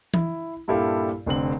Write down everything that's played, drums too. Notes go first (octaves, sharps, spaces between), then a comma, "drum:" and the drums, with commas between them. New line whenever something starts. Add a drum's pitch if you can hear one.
E4, drum: tom E3
G2 A#2 E4 G4 A4 F5
F1 D3 C4 F#7